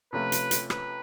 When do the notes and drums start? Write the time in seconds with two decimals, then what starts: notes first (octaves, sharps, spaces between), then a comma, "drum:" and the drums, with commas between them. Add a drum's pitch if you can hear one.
0.13 C3 F3 A3 C#4 F4 B4
0.32 drum: hi-hat
0.51 drum: hi-hat
0.70 B4, drum: rim click